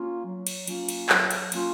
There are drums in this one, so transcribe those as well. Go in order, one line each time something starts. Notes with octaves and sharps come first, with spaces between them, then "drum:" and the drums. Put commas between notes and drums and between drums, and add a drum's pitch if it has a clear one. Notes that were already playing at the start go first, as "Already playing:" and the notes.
Already playing: A#3 C#4 F4
F#3
drum: cymbal
A#3 C#4 F4, drum: cymbal
drum: cymbal
F#3, drum: clap
drum: cymbal
A#3 C#4 F4, drum: cymbal